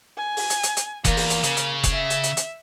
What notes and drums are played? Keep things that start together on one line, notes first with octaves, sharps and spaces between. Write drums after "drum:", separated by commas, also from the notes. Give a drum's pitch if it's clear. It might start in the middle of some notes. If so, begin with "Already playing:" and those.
G#5
drum: open hi-hat
drum: hi-hat
drum: hi-hat
drum: hi-hat
E2 A#3, drum: kick F1, hi-hat
drum: open hi-hat
drum: hi-hat
C#3, drum: hi-hat
drum: hi-hat
drum: kick F1, hi-hat
E5
drum: hi-hat
drum: hi-hat
drum: hi-hat